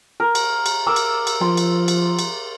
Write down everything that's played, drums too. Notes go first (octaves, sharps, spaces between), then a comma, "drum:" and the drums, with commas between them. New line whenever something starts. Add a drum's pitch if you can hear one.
A#4
drum: cymbal
drum: cymbal
A#4 D6 E6
drum: cymbal
drum: cymbal
F3 C6
drum: cymbal
drum: cymbal
drum: cymbal